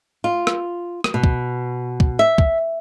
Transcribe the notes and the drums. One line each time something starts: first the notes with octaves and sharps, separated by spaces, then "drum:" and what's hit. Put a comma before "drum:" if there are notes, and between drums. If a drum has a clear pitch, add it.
F4
drum: rim click
drum: rim click
B2
drum: kick
drum: kick
E5
drum: kick